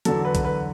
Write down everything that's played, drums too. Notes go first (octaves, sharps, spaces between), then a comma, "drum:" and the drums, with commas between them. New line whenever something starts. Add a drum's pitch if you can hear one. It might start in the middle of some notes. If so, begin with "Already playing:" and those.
E2 D3 F#3 A4, drum: hi-hat
B4
drum: kick, hi-hat
B4